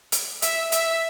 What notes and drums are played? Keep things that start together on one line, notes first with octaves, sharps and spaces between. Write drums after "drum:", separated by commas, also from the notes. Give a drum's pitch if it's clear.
drum: hi-hat
E5, drum: hi-hat
E5, drum: hi-hat